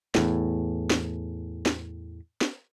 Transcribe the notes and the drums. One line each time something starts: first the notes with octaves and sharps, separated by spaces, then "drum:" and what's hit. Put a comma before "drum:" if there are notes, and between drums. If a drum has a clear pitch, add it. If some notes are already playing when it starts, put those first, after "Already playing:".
E2 A2, drum: snare
drum: snare
drum: snare
drum: snare